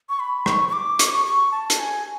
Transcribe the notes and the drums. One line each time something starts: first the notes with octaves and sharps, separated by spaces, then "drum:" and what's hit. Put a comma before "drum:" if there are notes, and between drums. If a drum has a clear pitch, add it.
C#6
B5
C#6, drum: rim click
C#6
D6
C#6, drum: hi-hat
D6
C#6
C#6
A5
drum: hi-hat
G#5